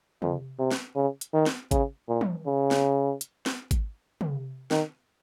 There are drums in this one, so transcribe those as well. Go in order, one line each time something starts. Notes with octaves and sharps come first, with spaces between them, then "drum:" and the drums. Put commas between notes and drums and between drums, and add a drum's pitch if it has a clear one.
F2, drum: tom
C3
drum: snare
C#3
drum: hi-hat
D#3
drum: snare
C#3, drum: kick G#1, hi-hat
A#2
drum: tom
C#3
drum: snare
drum: hi-hat
drum: snare
drum: kick G#1, hi-hat
drum: tom
D#3, drum: snare